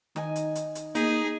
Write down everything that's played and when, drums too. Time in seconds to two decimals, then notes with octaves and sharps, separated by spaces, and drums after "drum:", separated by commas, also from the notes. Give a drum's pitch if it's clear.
0.16 D#3 D#4 G#5, drum: snare
0.36 drum: hi-hat
0.55 drum: hi-hat
0.75 drum: hi-hat
0.95 A#3 D#4 G#4, drum: hi-hat